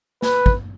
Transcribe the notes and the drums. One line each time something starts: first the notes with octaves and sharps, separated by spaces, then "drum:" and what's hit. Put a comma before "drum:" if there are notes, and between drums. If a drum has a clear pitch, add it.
B4, drum: snare
drum: kick